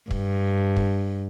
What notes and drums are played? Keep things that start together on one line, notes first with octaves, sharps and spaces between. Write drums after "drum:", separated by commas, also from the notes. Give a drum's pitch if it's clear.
G2, drum: kick
drum: kick